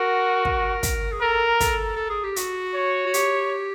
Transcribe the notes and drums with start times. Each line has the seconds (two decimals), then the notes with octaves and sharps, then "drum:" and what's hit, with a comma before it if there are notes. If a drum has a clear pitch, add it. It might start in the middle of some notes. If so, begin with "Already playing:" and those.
Already playing: F#4 A#4
0.45 A#4, drum: kick
0.83 drum: kick, hi-hat
1.12 G#4
1.21 A4 A#4
1.60 A4, drum: kick, hi-hat
1.96 A4
2.09 G#4
2.24 G4
2.36 F#4, drum: hi-hat
2.75 C#5
3.06 F#4
3.14 G4, drum: hi-hat